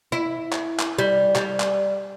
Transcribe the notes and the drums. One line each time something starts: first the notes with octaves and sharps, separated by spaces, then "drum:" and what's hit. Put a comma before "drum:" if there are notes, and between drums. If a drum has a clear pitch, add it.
E4
drum: clap
drum: clap
G3
G3, drum: clap
drum: clap